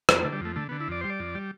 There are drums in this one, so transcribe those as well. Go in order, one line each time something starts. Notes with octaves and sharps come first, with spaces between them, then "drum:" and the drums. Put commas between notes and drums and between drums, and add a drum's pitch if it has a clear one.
F2 B3, drum: rim click
A3
D3
G3
F2 A3
D3 A3
D3 B3
E4
F2 D5
G3 C5
D5
F2
G3